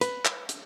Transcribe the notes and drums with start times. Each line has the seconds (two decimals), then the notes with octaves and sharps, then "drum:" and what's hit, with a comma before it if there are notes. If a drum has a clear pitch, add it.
0.01 B4, drum: hi-hat
0.25 drum: clap
0.49 drum: hi-hat